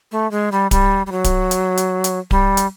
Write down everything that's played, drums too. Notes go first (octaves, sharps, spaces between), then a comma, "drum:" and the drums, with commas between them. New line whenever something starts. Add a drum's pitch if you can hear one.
A3
G#3
G3
G3, drum: kick D1, hi-hat
G3
F#3
drum: kick D1, hi-hat
drum: hi-hat
drum: hi-hat
drum: hi-hat
G3, drum: kick D1
drum: hi-hat